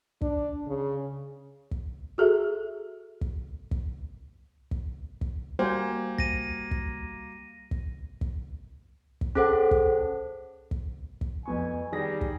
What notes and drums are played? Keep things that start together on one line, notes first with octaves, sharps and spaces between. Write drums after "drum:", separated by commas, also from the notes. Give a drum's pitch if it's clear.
D4, drum: kick
C#3
drum: kick
F#4 G#4 A4 E5
drum: kick
drum: kick
drum: kick
drum: kick
G3 A#3 F#4 C5 G5 G#5
A#6 D#7, drum: kick
drum: kick
drum: kick
drum: kick
drum: kick
C#4 G#4 A4 C5 F#5
drum: kick
drum: kick
drum: kick
F2 B3 G#5 C#6
D#3 G3 G#4 A#6
drum: kick